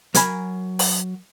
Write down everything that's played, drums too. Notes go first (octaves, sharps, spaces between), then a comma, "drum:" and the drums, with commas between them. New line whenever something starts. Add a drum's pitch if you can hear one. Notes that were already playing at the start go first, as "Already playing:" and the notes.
F#3 A#4 G#5 B5, drum: hi-hat
drum: open hi-hat